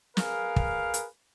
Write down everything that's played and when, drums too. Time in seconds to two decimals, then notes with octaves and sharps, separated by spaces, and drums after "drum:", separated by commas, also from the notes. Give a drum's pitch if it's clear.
0.17 G#4 A#4 B4 F5, drum: snare
0.56 drum: kick
0.94 drum: hi-hat